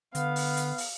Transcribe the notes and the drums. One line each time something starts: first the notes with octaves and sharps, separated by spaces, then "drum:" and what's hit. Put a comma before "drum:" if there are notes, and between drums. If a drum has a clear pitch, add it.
D3 B3 F5, drum: hi-hat
drum: open hi-hat
drum: hi-hat
drum: open hi-hat